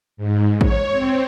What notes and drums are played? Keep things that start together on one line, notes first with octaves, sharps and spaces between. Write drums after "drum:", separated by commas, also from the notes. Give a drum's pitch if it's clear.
G#2
C#5, drum: kick A1
C4